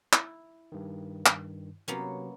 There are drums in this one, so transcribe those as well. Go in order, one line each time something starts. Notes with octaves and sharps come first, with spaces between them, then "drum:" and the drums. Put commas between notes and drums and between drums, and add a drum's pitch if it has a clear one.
E4, drum: clap
G2 D#3
drum: clap
C3 F#3 A#3 B3 C#4